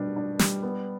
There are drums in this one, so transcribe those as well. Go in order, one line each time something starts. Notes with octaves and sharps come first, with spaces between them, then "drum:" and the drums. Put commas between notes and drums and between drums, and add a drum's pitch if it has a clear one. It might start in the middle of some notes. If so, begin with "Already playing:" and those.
Already playing: B2 G3 D4
D4
G3, drum: snare
B3